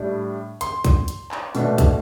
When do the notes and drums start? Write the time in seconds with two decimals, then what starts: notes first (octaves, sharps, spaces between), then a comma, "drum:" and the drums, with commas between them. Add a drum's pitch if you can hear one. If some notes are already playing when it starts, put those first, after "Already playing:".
Already playing: A2 G3 D4
0.61 C6, drum: hi-hat
0.85 drum: kick, hi-hat
1.08 drum: hi-hat
1.31 drum: clap
1.55 B2 A3 D4, drum: open hi-hat
1.78 drum: kick, hi-hat